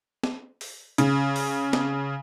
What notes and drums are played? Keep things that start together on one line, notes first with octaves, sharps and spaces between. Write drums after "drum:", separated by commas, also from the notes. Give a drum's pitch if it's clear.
drum: snare C4
drum: open hi-hat
C#3, drum: hi-hat
drum: open hi-hat
drum: snare C4